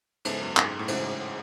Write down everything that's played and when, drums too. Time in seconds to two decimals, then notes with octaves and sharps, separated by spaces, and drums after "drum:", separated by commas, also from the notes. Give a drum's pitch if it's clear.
0.25 G#2 C#3 G#3 B3 E4 A4, drum: cymbal
0.41 F#2
0.57 G#2, drum: clap
0.79 A2
0.88 G#2 C#3 E3 A3 C#4 F#4, drum: cymbal
1.03 G#2